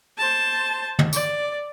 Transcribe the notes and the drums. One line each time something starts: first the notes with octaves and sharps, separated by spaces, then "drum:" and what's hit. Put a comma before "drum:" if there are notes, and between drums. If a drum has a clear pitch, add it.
C5 A5
drum: tom
D5, drum: tambourine